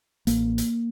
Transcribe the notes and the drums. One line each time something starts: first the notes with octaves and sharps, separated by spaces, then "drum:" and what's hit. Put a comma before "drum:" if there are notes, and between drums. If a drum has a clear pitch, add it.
A1 A#3, drum: hi-hat
drum: hi-hat